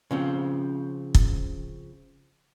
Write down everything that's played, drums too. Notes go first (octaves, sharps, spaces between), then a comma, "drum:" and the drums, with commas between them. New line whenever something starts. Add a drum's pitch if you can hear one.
C#3 F3 C4
drum: kick